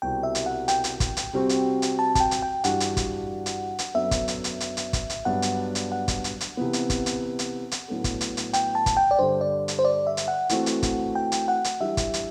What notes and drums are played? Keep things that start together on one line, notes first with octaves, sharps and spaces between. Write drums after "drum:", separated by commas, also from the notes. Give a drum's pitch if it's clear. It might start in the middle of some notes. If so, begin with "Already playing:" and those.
C2 B2 G3 C4 F#4 G5
E5
drum: hi-hat
F#5
G5, drum: hi-hat
drum: hi-hat
drum: kick, hi-hat
drum: hi-hat
C3 G3 C4 F#4
drum: hi-hat
drum: hi-hat
A5
A5, drum: kick, hi-hat
G5
drum: hi-hat
G5
G2 E3 G3 D4 F#4 F#5, drum: hi-hat
drum: hi-hat
drum: kick, hi-hat
drum: hi-hat
drum: hi-hat
F#2 F#3 B3 D4 A4 E5
drum: kick, hi-hat
drum: hi-hat
drum: hi-hat
drum: hi-hat
drum: hi-hat
drum: kick, hi-hat
drum: hi-hat
G2 F#3 B3 D4 F#5
drum: hi-hat
drum: hi-hat
F#5
drum: kick, hi-hat
drum: hi-hat
drum: hi-hat
C3 E3 B3
drum: hi-hat
drum: kick, hi-hat
drum: hi-hat
drum: hi-hat
drum: hi-hat
A2 F#3 B3 D4 A4
drum: kick, hi-hat
drum: hi-hat
drum: hi-hat
G5, drum: hi-hat
A5
drum: kick, hi-hat
G5
D5
G2 D3 G3 C5
D5
drum: hi-hat
C5
D5
E5
drum: hi-hat
F#5
E3 A3 C4 F#4 A4, drum: hi-hat
drum: hi-hat
drum: kick, hi-hat
G5
drum: hi-hat
F#5
drum: hi-hat
E3 G3 D4 E5
drum: kick, hi-hat
drum: hi-hat